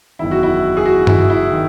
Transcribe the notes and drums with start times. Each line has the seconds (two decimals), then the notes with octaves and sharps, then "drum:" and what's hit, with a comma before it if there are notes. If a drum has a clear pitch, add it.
0.19 F#1 E2 D#3 E4
0.31 F#4
0.43 E4
0.77 G#4
0.85 F#4
1.07 E4, drum: tom G2
1.30 E4
1.51 D#3